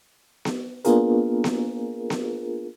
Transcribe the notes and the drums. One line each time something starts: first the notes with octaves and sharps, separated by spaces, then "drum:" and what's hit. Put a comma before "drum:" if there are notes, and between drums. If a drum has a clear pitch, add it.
drum: snare B3
A#3 B3 D4 F4 G#4 A#4, drum: hi-hat
drum: snare B3
drum: snare B3